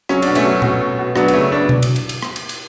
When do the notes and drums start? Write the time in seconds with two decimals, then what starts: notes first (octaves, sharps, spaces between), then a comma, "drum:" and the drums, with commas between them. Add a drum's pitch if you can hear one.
0.09 F#3 C#4, drum: rim click
0.22 B2 D4, drum: cymbal
0.35 A3 C#4, drum: cymbal
0.45 F#3
0.62 B2, drum: tom A#2
0.81 B2
0.99 B2
1.16 F#3 B3 D4, drum: rim click
1.28 B3, drum: cymbal
1.33 C#3 A3 C#4
1.51 F#3 B3 D4
1.69 drum: tom B2
1.83 drum: cymbal
1.96 drum: cymbal
2.09 drum: cymbal
2.23 drum: rim click
2.36 drum: cymbal
2.49 drum: cymbal